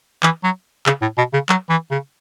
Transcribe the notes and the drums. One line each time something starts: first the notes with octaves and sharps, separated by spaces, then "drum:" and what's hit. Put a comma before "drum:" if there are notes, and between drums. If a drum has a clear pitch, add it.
E3, drum: clap
F#3
C#3, drum: clap
A2
B2
C#3
F#3, drum: clap
E3
C#3